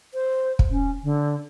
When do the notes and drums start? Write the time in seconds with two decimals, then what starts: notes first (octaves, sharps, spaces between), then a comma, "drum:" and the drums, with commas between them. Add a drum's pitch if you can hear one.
0.14 C5
0.59 drum: kick
0.71 C#4
1.04 D3